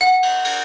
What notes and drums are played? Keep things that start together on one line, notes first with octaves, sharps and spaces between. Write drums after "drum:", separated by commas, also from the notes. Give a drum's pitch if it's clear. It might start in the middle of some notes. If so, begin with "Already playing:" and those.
F#5
drum: cymbal
drum: cymbal